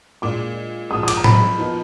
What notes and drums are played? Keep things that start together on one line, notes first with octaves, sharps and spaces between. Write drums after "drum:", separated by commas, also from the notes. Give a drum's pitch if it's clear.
A#2 G#3 D4 D6
A#2 F3 G#3 D#6
D#6
D6, drum: cymbal
A#5
B5, drum: tom A2
F3 B3 D#4 A#4